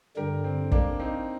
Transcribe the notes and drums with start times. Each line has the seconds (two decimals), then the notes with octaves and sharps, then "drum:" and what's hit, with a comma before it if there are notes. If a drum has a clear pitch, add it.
0.16 G2 D3 G3 G4 A#4
0.44 C4
0.72 A#3 D4, drum: kick
0.99 C4 D#4